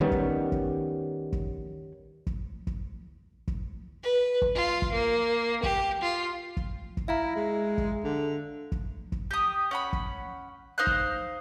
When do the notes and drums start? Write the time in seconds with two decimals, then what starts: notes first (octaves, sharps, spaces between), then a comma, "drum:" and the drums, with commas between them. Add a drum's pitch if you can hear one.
0.01 D#3 G3 B3 C#4
0.12 drum: kick
0.52 drum: kick
1.32 drum: kick
2.27 drum: kick
2.67 drum: kick
3.48 drum: kick
4.04 B4
4.42 drum: kick
4.55 F4
4.82 drum: kick
4.92 A#3
5.63 G4, drum: kick
6.02 F4
6.57 drum: kick
6.97 drum: kick
7.08 E4 E5 F5 A#5
7.36 G#3
7.78 drum: kick
8.04 D3
8.72 drum: kick
9.12 drum: kick
9.31 G4 D#6
9.71 C#4 F#5 B5
9.93 drum: kick
10.78 D#4 C5 F5 F#6
10.87 drum: kick